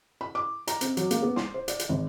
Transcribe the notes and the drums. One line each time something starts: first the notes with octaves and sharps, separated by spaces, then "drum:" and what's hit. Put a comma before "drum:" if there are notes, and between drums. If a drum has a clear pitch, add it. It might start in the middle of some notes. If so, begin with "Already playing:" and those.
B5
D6
A#5, drum: hi-hat
C4, drum: hi-hat
F#3, drum: hi-hat
A#3, drum: hi-hat
B3
C6, drum: snare
C5
D5, drum: hi-hat
drum: hi-hat
G#1